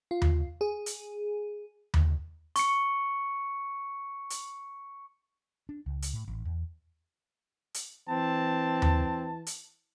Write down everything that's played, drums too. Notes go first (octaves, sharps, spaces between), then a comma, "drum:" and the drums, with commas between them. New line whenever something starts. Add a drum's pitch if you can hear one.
F4
drum: tom D#2
G#4
drum: hi-hat
drum: tom D#2
C#6 C#7, drum: hi-hat
drum: hi-hat
D4
C#2
drum: hi-hat
A2
A1
E2
drum: hi-hat
E3 C4 A5
drum: tom D#2
drum: hi-hat